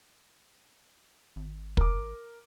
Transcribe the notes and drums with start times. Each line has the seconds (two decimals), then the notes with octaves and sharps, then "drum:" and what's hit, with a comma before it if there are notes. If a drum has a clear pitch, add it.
1.36 G#1
1.77 A#4 D6, drum: kick